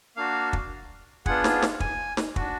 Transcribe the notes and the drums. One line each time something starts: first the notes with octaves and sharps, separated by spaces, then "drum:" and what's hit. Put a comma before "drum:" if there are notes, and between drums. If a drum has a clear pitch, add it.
A#3 D4 F#4 F5
drum: kick
B3 D4 F4 G#4 F#5, drum: kick
drum: snare
drum: snare
G#5, drum: kick
drum: snare
D4 F#4, drum: kick